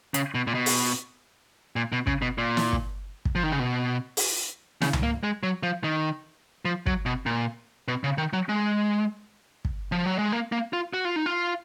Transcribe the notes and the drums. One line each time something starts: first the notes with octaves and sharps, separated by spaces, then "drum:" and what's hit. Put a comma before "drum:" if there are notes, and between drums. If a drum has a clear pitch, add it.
C#3, drum: hi-hat
B2
A#2
B2
drum: open hi-hat
A#2
B2
C#3, drum: kick
B2
A#2
drum: snare
drum: kick
drum: kick
F3
D#3
C#3
B2
drum: open hi-hat
C#3, drum: snare
drum: tom C#2
A#3
G#3
F#3
F3
D#3
F3
F#3, drum: kick
B2
A#2
B2
C#3
D#3
F#3
G#3
drum: kick
F3
F#3
G#3
A#3
A#3
F4
F#4
F4
D#4
F4